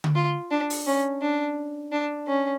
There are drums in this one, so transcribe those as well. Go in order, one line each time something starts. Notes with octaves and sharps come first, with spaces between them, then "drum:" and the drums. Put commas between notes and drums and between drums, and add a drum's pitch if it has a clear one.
drum: tom D3
F4
D4
drum: open hi-hat
C#4
D4
D4
C#4